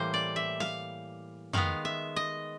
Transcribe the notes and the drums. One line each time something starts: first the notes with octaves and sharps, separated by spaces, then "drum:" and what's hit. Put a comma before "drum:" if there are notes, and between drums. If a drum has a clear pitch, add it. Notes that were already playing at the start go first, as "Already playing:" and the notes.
Already playing: A2 E3 G3 A#3 C5
D5
E5
F5, drum: snare
D#3 G#3 B3 F5, drum: tom F2
E5
D#5